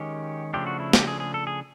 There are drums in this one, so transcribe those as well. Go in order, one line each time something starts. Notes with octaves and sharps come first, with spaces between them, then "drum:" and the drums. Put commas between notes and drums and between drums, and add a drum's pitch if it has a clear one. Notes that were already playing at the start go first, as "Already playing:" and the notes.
Already playing: D#3 G#3 C#4 G4
C#3 F3 A3 D4 G4
F#4
E4
G4, drum: snare
G#4
G#4
A4
G#4